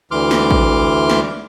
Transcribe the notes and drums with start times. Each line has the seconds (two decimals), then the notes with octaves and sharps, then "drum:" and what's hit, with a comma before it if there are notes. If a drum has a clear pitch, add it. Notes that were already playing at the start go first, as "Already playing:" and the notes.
0.11 D2 E3 C6 D6 F6
0.31 drum: snare
0.51 drum: kick
1.09 drum: snare